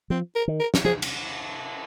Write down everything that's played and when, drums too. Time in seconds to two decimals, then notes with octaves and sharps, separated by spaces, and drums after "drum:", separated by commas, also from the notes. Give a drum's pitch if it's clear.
0.10 F3 C4
0.36 A#4
0.48 D#3
0.60 A#4
0.74 drum: snare
0.85 F3 G#4
1.02 drum: cymbal